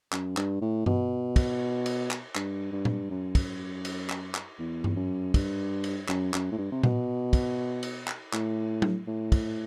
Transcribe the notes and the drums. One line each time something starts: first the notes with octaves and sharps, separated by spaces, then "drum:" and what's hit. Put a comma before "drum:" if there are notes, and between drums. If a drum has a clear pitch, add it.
F#2, drum: clap
G2, drum: clap
A2
B2, drum: tom G2
drum: kick, cymbal
drum: cymbal
drum: clap
G2, drum: clap
G2
drum: tom A#2
F#2
drum: kick, cymbal
drum: cymbal
drum: clap
drum: clap
E2
drum: tom G2
F#2
G2, drum: kick, cymbal
drum: cymbal
F#2, drum: clap
F#2, drum: clap
A2
G2
C3
B2, drum: tom A#2
drum: kick, cymbal
drum: cymbal
drum: clap
A2, drum: clap
drum: tom F#3
A2
drum: kick, cymbal